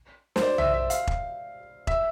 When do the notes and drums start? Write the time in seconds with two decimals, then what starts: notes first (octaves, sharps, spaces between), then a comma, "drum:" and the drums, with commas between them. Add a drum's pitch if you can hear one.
0.36 C5, drum: snare
0.42 D5
0.58 E5, drum: tom B1
0.74 E5
0.90 F5, drum: hi-hat
1.07 drum: kick E1
1.87 E5, drum: kick E1